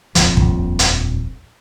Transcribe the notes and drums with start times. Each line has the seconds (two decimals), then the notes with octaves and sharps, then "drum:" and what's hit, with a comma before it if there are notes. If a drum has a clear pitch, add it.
0.15 D#1 A#1 F2 F3, drum: hi-hat
0.37 drum: kick
0.79 drum: hi-hat